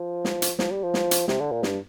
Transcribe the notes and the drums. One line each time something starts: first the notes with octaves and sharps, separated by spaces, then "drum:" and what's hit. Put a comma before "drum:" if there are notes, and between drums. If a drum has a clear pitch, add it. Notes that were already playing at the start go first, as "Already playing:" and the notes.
Already playing: F3
drum: snare
drum: hi-hat
F3, drum: snare
G3
F3
drum: snare
drum: hi-hat
C3, drum: snare
D3
A#2
G2, drum: snare